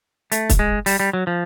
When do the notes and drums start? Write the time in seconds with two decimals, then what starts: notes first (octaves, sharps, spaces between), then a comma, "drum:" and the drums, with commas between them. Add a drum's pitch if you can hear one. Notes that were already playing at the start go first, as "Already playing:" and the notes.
0.32 A3, drum: hi-hat
0.49 drum: kick, hi-hat
0.59 G#3
0.86 G3, drum: open hi-hat
1.00 G3
1.13 F#3
1.27 F3